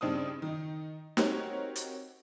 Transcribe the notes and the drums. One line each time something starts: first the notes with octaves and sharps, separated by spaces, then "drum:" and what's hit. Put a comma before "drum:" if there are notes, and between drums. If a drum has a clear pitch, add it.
G2 C#3 C4 D4 D#4 D#6
D#3 D#4
C4 D#4 F#4 G4 A#4 C#5, drum: snare
drum: hi-hat